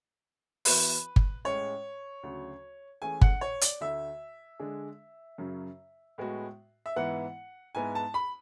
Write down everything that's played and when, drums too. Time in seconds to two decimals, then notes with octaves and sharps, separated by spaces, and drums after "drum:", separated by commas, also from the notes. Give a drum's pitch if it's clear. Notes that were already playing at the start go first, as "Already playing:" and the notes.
0.65 E3 B3 F#4 B4, drum: open hi-hat
1.16 drum: kick G1
1.45 A2 G#3 C#4 C#5
2.23 D2 C#3 F#3
3.02 E3 A3 C#4 G#4 G#5
3.21 F#5, drum: kick G1
3.41 C#5
3.61 D5, drum: hi-hat
3.80 D2 D3 A3 E5
4.60 D3 G#3 D4 G#4
5.38 F#2 C#3 F#3
6.18 A2 G#3 B3 F#4
6.86 E5
6.96 G#2 E3 B3 E4 F#5
7.75 G#2 G#3 B3 E4 G#5
7.95 A5
8.14 B5